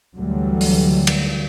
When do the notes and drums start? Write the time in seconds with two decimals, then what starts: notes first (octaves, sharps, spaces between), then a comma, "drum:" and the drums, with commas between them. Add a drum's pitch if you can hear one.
0.16 D2 D3 E3 F#3 G3 A3
0.61 drum: open hi-hat
1.07 drum: cymbal